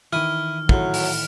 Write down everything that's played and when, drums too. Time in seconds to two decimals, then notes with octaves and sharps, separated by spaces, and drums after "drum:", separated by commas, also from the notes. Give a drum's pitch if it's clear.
0.13 D#3 E3 E4 D#6 F6
0.69 A2 F#3, drum: kick
0.94 drum: open hi-hat